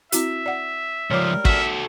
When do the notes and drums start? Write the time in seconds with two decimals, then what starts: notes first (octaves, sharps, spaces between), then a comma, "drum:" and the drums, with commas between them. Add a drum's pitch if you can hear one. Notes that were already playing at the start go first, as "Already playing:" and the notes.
0.12 C4 E4 F#4 E5, drum: hi-hat
0.46 D5 F#5
1.11 C#2 F3 G3 A#4 C#5 D6
1.45 F#4 A4 E5, drum: kick